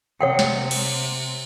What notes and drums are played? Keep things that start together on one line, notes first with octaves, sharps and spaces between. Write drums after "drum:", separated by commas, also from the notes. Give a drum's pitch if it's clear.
C3 C#5 F#5 G5
drum: snare
drum: cymbal